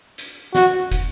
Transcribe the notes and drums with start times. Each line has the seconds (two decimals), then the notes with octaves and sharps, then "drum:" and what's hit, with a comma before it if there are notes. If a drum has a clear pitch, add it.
0.18 drum: hi-hat
0.55 F#4, drum: snare
0.92 drum: kick, hi-hat